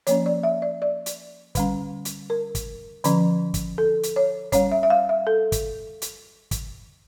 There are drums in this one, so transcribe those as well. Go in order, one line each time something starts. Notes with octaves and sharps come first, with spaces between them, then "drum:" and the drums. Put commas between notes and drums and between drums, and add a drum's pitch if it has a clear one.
F3 A#3 C#4 C#5, drum: hi-hat
D5
E5
D5
D5
drum: hi-hat
D3 G3 C#4, drum: kick, hi-hat
drum: hi-hat
A#4
drum: kick, hi-hat
D3 F3 C#4, drum: hi-hat
drum: kick, hi-hat
A4
drum: hi-hat
C#5
G3 C#4 C#5, drum: kick, hi-hat
E5
E5
F5
E5
A4
drum: kick, hi-hat
drum: hi-hat
drum: kick, hi-hat